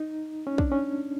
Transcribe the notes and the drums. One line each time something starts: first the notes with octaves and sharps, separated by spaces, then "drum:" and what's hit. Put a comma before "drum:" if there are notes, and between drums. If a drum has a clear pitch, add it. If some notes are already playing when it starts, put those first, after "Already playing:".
Already playing: D#4
C#4
D4, drum: kick
C#4